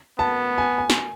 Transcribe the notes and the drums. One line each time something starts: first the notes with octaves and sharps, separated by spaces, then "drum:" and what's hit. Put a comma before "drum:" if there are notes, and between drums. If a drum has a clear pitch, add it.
B3 A5
G#5
G#5
drum: snare